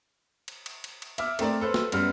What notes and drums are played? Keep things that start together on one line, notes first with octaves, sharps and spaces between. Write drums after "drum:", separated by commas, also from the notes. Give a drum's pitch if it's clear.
drum: cymbal
drum: cymbal
drum: cymbal
drum: cymbal
E5 D6 F6, drum: cymbal
A3 C4 A#4 D5, drum: cymbal
A4 B4 C5
drum: snare
F#2 G3 B3 F6, drum: cymbal